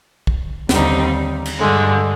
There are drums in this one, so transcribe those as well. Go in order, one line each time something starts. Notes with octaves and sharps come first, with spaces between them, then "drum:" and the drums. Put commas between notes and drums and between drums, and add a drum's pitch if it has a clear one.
drum: kick
D#2 D3 G3 C4 D#4, drum: snare
drum: cymbal
G2 D3 G#3